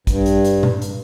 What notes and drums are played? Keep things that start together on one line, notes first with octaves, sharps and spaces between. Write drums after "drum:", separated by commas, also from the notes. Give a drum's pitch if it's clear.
G2, drum: kick, hi-hat
drum: hi-hat
drum: hi-hat
drum: tom A#2
drum: hi-hat